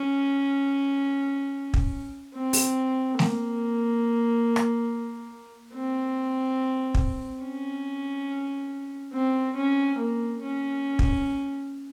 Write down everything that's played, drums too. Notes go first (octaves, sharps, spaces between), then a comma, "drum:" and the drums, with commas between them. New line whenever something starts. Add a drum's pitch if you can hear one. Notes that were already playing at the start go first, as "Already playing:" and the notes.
Already playing: C#4
drum: kick
C4
drum: open hi-hat
A#3, drum: snare A3
drum: rim click
C4
drum: kick
C#4
C4
C#4
A#3
C#4
drum: kick